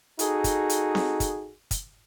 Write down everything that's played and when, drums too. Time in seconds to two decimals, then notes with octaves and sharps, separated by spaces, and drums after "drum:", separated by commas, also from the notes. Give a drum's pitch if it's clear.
0.19 D#4 F#4 G#4 A4, drum: hi-hat
0.44 drum: kick, hi-hat
0.69 drum: hi-hat
0.95 drum: snare C4
1.20 drum: kick, hi-hat
1.71 drum: kick, hi-hat